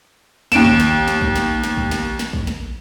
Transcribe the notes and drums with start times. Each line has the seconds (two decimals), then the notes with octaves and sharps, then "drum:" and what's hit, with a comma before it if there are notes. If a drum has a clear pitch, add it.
0.52 D#2 D7 E7, drum: snare
0.66 drum: kick
0.80 drum: snare
1.08 drum: snare
1.22 drum: kick
1.36 drum: snare
1.63 drum: snare
1.77 drum: kick
1.91 drum: snare
2.19 drum: snare
2.33 drum: kick
2.47 drum: snare